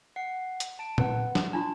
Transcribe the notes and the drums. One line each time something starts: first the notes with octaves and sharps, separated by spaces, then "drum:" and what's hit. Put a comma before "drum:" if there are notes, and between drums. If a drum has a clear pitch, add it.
F#5 C7
drum: hi-hat
A5 D7
B4 F#5, drum: tom A#2
drum: snare
D4 F4 A5 C6